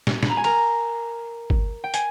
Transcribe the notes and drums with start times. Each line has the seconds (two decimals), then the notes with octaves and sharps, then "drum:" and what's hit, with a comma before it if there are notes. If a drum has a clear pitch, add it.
0.07 drum: snare
0.23 B5, drum: snare
0.30 A#5
0.37 G#5
0.44 A#4 A#5, drum: cymbal
1.50 drum: kick
1.84 G5
1.94 G#5, drum: hi-hat